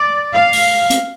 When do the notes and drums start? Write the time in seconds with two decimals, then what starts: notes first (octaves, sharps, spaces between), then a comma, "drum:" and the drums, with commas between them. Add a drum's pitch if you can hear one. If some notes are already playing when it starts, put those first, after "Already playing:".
Already playing: D5
0.34 F5
0.53 drum: open hi-hat
0.90 drum: hi-hat